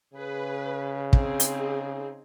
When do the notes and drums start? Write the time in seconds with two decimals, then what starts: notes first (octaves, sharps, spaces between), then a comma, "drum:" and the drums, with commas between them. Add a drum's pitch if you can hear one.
0.14 C#3 G#4 B4
1.13 C4 D#4 G#4, drum: kick
1.40 drum: hi-hat